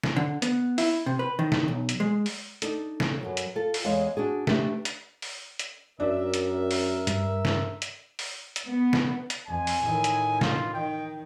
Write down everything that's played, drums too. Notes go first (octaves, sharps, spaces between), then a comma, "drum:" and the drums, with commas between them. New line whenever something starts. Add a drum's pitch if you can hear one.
drum: snare
D3
B3, drum: hi-hat
E4, drum: open hi-hat
C3
B4
D#3
drum: snare
B1
drum: hi-hat
G#3
drum: open hi-hat
D4 D#4 A4, drum: hi-hat
drum: snare
F#2 F#3 B4
drum: hi-hat
F4 A4
drum: open hi-hat
E2 G#3 C#5 F5
D4 F#4 G#4
A3 D4 G4 B4, drum: snare
drum: hi-hat
drum: open hi-hat
drum: hi-hat
F#2 D4 A#4 E5
drum: hi-hat
drum: open hi-hat
G2, drum: hi-hat
drum: snare
drum: hi-hat
drum: open hi-hat
drum: hi-hat
B3
drum: snare
drum: hi-hat
F2 G#5
drum: open hi-hat
A2 D#3
drum: hi-hat
F4, drum: snare
D#3 G5